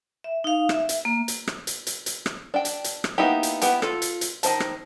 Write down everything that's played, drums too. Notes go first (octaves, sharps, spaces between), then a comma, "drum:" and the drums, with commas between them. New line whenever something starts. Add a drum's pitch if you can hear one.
E5
D#4 F5
E5, drum: rim click
drum: hi-hat
A#3
drum: hi-hat
drum: rim click
drum: hi-hat
drum: hi-hat
drum: hi-hat
drum: rim click
D4 G5
drum: hi-hat
drum: hi-hat
drum: rim click
A#3 B3 D#4 E4 G4
drum: hi-hat
B3 E4 G4, drum: hi-hat
F4 A4, drum: rim click
drum: hi-hat
drum: hi-hat
D#3 C5 A5, drum: hi-hat
drum: rim click